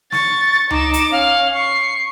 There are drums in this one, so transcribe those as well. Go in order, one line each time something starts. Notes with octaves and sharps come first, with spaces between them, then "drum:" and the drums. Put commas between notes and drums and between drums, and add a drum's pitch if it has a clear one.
C#6 A6, drum: snare
D#4 D6 E7, drum: tom C#2
drum: hi-hat
C#4 F5
C#6 C7